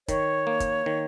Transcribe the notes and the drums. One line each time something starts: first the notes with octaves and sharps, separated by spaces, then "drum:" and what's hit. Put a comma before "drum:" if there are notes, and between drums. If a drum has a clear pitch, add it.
D#3 C#5, drum: kick, hi-hat
A#3
drum: kick, hi-hat
D#3